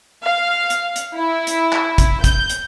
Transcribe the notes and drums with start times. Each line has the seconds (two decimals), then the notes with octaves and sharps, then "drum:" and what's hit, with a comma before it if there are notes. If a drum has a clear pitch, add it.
0.23 F5
0.70 drum: hi-hat
0.96 drum: hi-hat
1.17 E4
1.47 drum: hi-hat
1.73 drum: clap
1.98 drum: kick, hi-hat
2.24 G6, drum: kick, hi-hat
2.50 drum: hi-hat